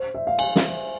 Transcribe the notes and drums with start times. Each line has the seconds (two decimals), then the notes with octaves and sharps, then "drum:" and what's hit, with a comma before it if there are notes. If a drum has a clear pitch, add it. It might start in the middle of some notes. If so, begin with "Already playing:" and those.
Already playing: C5
0.15 E5
0.27 F5
0.39 G#5, drum: cymbal
0.56 drum: snare